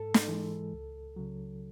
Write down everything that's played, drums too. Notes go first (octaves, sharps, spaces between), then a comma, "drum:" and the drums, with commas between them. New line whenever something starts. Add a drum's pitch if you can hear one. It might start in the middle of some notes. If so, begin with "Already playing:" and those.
Already playing: G#2 A4
drum: snare
E3 G#3
C#2
C#3 F#3